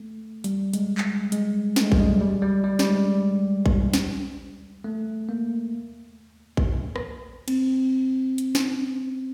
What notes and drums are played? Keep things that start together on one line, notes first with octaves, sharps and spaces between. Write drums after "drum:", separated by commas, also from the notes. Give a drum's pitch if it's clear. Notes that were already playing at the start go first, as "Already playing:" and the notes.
Already playing: A3
G3, drum: hi-hat
G#3, drum: hi-hat
drum: clap
G#3, drum: hi-hat
A3, drum: snare
G#3
G3, drum: kick A#1
G#3
F#3
G3
G3
G3
G3, drum: snare
G#3
drum: kick A#1
drum: snare
A3
A#3
drum: kick A#1
drum: rim click
C4, drum: cymbal
drum: hi-hat
drum: snare